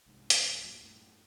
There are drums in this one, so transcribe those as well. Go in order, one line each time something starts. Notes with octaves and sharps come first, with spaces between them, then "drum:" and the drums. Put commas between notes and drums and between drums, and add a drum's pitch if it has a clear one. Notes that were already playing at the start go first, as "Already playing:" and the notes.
C2 G#2
drum: hi-hat
G2 A#2 F#3
F#2 A2